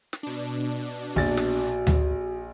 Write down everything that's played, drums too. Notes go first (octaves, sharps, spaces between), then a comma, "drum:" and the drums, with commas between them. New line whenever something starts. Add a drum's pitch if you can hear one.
drum: snare
B2 D4
A#1 F#4 A6, drum: kick
drum: snare
drum: tom D2